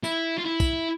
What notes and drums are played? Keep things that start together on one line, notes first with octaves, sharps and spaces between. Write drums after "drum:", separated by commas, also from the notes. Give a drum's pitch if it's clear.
E4, drum: tambourine
F4
E4
drum: kick, tambourine